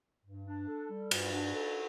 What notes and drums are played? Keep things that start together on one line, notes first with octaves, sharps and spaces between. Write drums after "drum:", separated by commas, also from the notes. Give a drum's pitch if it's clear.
G2
D4
A4
G3
G2, drum: cymbal
D4
A4